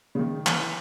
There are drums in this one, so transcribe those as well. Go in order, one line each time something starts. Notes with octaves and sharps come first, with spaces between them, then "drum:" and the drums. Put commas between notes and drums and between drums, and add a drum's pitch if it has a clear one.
C#3
D#3
E3, drum: clap